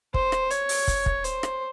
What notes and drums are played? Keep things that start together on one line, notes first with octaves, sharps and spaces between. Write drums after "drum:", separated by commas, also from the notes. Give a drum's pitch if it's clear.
C5, drum: kick
drum: rim click
C#5, drum: hi-hat
drum: open hi-hat
drum: kick, hi-hat
drum: kick
C5, drum: hi-hat
drum: rim click